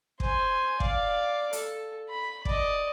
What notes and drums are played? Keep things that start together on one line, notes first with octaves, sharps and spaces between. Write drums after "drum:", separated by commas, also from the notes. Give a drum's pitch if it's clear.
C5 G#5, drum: kick
D5 F5, drum: kick
A4, drum: hi-hat
B5
D5 D#5, drum: kick